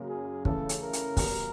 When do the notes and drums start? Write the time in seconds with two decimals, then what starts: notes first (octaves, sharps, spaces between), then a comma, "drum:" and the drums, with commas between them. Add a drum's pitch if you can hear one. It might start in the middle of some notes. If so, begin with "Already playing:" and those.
Already playing: F#2 C#3 F#3 A#3
0.09 G#4
0.45 C#3 E3 A3 A4, drum: kick
0.69 drum: hi-hat
0.82 A#4
0.93 drum: hi-hat
1.17 E2 B2 G3 B3, drum: kick, open hi-hat